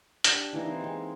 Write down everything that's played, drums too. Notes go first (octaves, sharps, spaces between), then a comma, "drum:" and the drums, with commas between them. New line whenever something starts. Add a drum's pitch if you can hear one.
D4 G4, drum: hi-hat
E3 A#3 D#4
C4
G#3 C4